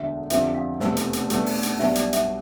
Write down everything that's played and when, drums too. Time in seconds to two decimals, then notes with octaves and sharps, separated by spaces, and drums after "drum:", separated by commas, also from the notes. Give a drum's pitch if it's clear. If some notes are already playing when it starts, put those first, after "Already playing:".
Already playing: E1 D2 D3 E5
0.30 F2 D3 F3 C4 G4 E5, drum: hi-hat
0.54 F5
0.80 F1 E2 B2 A3 C4, drum: snare
0.97 drum: hi-hat
1.13 drum: hi-hat
1.30 B2 A3 D4, drum: hi-hat
1.46 drum: open hi-hat
1.63 drum: hi-hat
1.79 B1 B2 G3 D4 E5, drum: snare
1.95 D5, drum: hi-hat
2.13 E5, drum: hi-hat